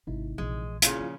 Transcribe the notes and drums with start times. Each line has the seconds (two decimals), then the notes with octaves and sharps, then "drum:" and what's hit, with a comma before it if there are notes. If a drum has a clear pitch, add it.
0.07 G#1 C3 D#4 E4
0.38 A#1 E3 G#3
0.82 A#2 C#3 C#4 E4 F4 G#4, drum: hi-hat
0.99 F3